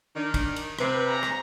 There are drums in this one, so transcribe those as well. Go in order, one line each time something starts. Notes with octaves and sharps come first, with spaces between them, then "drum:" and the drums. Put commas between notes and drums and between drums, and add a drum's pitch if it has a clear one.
D#3 D4
drum: kick, cymbal
drum: cymbal
C3 B4, drum: rim click
A#5
drum: rim click